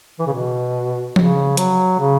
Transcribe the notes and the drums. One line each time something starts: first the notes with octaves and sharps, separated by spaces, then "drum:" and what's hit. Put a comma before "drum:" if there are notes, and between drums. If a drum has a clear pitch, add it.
E3
C#3
B2
C#3, drum: tom F3
F#3, drum: hi-hat
C#3